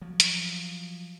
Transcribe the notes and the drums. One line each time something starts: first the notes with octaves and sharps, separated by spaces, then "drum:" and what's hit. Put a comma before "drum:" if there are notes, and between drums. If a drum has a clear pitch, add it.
F3 F#3
drum: hi-hat